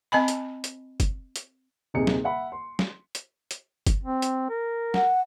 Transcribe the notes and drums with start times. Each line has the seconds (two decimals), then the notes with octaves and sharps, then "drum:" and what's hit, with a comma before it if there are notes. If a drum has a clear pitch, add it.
0.12 C4 D#5 G#5 B5
0.28 drum: hi-hat
0.64 drum: hi-hat
1.00 drum: kick G1, hi-hat
1.36 drum: hi-hat
1.94 D#1 C3 D#4 G#4 C#7
2.07 drum: snare
2.24 E5 F#5 B5
2.52 C6
2.79 drum: snare
3.15 drum: hi-hat
3.51 drum: hi-hat
3.87 drum: kick G1, hi-hat
4.04 C4
4.22 drum: hi-hat
4.50 A#4
4.94 F#5, drum: snare